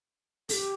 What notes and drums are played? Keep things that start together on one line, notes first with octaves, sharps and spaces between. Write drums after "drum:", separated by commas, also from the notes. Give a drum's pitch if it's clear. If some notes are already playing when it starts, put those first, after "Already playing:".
A4, drum: open hi-hat
G4